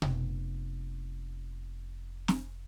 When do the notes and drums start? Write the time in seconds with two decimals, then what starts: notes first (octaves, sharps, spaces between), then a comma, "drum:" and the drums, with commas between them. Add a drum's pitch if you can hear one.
0.02 F1 B3, drum: tom B2
2.28 drum: snare